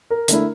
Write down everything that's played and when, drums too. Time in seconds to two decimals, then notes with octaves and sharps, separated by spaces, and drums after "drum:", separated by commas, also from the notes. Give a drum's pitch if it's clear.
0.10 A#4
0.28 D3 A3 E4, drum: hi-hat